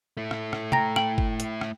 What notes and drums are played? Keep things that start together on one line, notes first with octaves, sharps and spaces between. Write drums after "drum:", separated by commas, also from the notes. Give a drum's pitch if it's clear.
A3 E4
drum: rim click
drum: rim click
G5 A#5 A#6, drum: tom
G5 F#7, drum: rim click
drum: kick
drum: hi-hat
drum: rim click